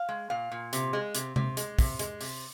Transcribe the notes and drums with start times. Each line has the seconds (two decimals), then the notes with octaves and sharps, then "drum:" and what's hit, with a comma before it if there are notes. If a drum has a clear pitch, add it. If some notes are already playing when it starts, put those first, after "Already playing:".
Already playing: F5
0.09 G#3
0.30 A#2 F5
0.52 A#2
0.73 C3, drum: hi-hat
0.93 G#3
1.15 C3, drum: hi-hat
1.36 C3, drum: tom C3
1.57 G#3, drum: hi-hat
1.79 C3, drum: kick, open hi-hat
1.99 G#3, drum: hi-hat
2.21 C3, drum: open hi-hat